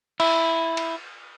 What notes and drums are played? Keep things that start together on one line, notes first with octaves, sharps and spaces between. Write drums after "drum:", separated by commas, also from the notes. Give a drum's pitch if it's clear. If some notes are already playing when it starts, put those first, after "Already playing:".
E4, drum: cymbal
drum: cymbal